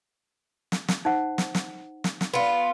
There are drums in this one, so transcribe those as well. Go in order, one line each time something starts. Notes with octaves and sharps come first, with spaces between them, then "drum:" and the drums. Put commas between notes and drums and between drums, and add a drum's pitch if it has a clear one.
drum: snare
drum: snare
D#4 C5 F#5
drum: snare
drum: snare
drum: snare
drum: snare
B3 F4